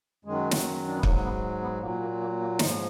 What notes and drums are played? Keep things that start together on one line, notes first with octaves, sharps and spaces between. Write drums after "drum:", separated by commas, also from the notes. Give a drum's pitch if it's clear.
F#2 D#3 F#3 G#3
drum: snare
D4
B3
G#2 F#3 A#3, drum: kick
B3
B3
A#2 F#3 A#3
A#3
A#3
A#3
G#2 F3 D#4, drum: snare